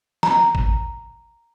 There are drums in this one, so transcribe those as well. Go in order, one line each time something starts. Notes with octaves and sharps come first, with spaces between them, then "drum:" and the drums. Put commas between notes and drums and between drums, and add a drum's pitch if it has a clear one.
A#5, drum: snare
drum: kick